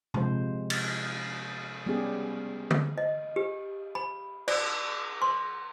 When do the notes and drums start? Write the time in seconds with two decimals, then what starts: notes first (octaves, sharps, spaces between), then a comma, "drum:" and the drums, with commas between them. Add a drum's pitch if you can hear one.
0.14 C3 F3 G#3 C5, drum: tom A#2
0.70 drum: cymbal
1.86 G3 B3 C#4 G4 G#4
2.71 drum: tom
2.98 D#5
3.36 G4
3.95 B5
4.48 D5, drum: cymbal
5.22 C6